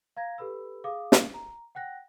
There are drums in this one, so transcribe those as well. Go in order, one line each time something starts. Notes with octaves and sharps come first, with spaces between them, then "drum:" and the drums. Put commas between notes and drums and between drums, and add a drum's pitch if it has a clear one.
F5 A#5 G#6 A#6
G4 A4 B4 B5 E6
G#4 F5 D6 D#6
drum: snare
A#5
F#5 G5 F#6 A#6